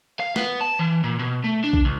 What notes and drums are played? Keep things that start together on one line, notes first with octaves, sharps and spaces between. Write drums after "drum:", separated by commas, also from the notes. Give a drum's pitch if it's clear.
F5
B3, drum: snare
A5
E3
A#2
B2
A3
D4
drum: kick
C#2